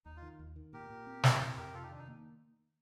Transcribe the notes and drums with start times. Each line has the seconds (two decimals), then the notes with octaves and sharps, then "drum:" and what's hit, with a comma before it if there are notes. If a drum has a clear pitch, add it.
0.05 D#2 D#4
0.16 F4
0.22 D#3
0.39 D#2
0.56 D#3
0.73 A#2 G4 A#4
0.90 A#2
1.07 C4
1.24 C4, drum: snare
1.40 F2
1.57 F2 G4 A#4
1.74 C3 F4 A4
1.82 D#4 G4
1.91 D#3 D4
1.99 D#4
2.08 A#3